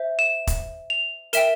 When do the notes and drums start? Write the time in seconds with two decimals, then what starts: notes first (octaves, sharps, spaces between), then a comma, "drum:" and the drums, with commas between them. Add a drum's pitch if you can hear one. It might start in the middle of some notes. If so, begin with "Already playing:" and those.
Already playing: C5 E5
0.19 E7
0.47 drum: kick, hi-hat
0.90 F7
1.33 A#4 E5 G5 E7, drum: hi-hat